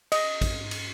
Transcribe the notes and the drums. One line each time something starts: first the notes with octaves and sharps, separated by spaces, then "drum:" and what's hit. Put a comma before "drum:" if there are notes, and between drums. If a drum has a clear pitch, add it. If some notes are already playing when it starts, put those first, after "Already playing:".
D#5, drum: cymbal
drum: kick, cymbal
drum: cymbal